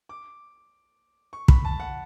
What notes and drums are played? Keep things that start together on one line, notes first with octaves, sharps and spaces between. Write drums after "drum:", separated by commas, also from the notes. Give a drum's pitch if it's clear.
D6
C#6
B5, drum: kick
A5
F#5